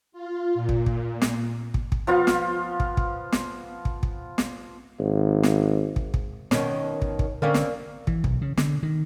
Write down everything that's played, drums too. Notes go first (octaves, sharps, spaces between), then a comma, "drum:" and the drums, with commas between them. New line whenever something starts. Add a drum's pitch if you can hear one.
F4
A#2
drum: kick
drum: kick
drum: snare
drum: kick
drum: kick
F3 B3 F4 F5
drum: snare
drum: kick
drum: kick
drum: snare
drum: kick
drum: kick
drum: snare
G#1
drum: snare
drum: kick
drum: kick
B2 D#3 C#4 C#5, drum: snare
drum: kick
drum: kick
D3 A#3 C4 C#4 A#4 D5 F5
drum: snare
E3, drum: kick
B1, drum: kick
C#3
D3, drum: snare
D#3